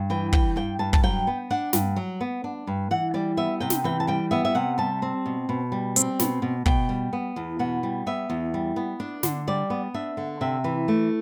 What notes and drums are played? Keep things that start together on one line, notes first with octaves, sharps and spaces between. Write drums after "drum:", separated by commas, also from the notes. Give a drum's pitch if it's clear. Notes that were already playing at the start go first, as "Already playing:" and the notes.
Already playing: G2
E3 G5
G3 G5, drum: kick
G2 G5
G2 A5
A5, drum: kick
F#3 G5
B3
D4 F#5
G2, drum: snare
F#3
B3
D4
G2
E3 F#5
G3 D5
B3 E5
C3 G5
drum: snare
E3 G5
A5
G3 G5
B3 E5
E5
C3 F#5
G3 A5
C4
B2
B2
G3
C4, drum: hi-hat
B2, drum: snare
B2
B2 G5, drum: kick
G3
B3
E2
B2 F#5
G3
B3 E5
E2
G3
B3
D4
D3, drum: snare
G3 D5
B3
D4 E5
D3
C3 E5
E3
A3